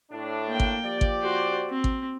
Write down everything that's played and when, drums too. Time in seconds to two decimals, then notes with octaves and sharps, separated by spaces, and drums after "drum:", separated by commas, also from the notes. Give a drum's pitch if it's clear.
0.12 A2 D4
0.48 A#3 G5
0.60 drum: kick G#1
0.84 F3 G4 D5
1.01 drum: kick G#1
1.22 F#4 C5
1.69 C4
1.84 drum: kick G#1